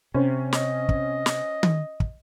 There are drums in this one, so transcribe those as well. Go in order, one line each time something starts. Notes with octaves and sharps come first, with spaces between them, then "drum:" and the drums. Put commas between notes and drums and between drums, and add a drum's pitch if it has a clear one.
C3 C#4 C5
D#5, drum: snare
drum: kick
drum: snare
drum: tom D#3
drum: kick